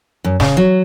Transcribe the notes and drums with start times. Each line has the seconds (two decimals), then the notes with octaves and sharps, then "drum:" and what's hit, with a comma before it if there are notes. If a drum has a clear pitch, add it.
0.24 F#2
0.40 C#3, drum: snare
0.57 F#3